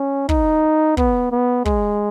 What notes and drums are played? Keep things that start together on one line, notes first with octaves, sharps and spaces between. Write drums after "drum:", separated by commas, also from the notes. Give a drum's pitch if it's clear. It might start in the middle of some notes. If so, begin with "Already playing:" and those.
Already playing: C#4
D#4, drum: kick
B3, drum: kick
B3
G#3, drum: kick